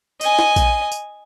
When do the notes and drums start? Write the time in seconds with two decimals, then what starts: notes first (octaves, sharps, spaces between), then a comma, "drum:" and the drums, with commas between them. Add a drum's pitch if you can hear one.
0.21 D#5 G#5, drum: tambourine
0.39 drum: snare
0.56 drum: kick A#1, tambourine
0.92 drum: tambourine